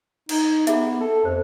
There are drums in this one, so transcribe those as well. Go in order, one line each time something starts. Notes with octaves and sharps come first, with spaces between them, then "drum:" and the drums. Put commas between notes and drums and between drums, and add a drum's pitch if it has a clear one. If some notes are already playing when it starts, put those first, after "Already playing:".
D#4, drum: cymbal
B3 G#4 E5, drum: hi-hat
A4
F2 C5